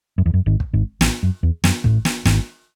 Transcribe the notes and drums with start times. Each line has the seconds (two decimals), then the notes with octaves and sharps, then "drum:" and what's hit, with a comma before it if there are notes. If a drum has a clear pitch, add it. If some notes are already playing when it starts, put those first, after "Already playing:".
0.18 F#2
0.26 E2
0.34 F#2
0.46 G#1 G#2
0.60 drum: kick
0.73 G#1 G#2
1.01 A1 A2, drum: snare
1.23 F#2
1.43 E2
1.64 F#2, drum: snare
1.84 A1 A2, drum: kick
2.05 drum: snare
2.26 G#1 G#2, drum: snare